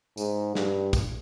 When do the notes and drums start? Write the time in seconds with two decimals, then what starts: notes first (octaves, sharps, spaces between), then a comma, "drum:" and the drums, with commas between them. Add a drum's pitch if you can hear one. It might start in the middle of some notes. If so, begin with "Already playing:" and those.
0.17 G#2, drum: tambourine
0.55 G2, drum: snare
0.93 drum: kick, tambourine